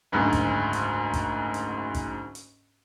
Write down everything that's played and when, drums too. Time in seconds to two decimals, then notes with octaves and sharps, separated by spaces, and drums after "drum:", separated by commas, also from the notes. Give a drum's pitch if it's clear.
0.12 F#1 D2 G#2
0.33 drum: kick, hi-hat
0.73 drum: hi-hat
1.13 drum: kick, hi-hat
1.54 drum: hi-hat
1.94 drum: kick, hi-hat
2.35 drum: hi-hat